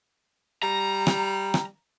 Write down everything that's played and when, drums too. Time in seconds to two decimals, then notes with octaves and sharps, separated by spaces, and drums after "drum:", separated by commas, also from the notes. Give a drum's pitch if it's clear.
0.63 G3 A#5
1.07 drum: rim click
1.54 drum: rim click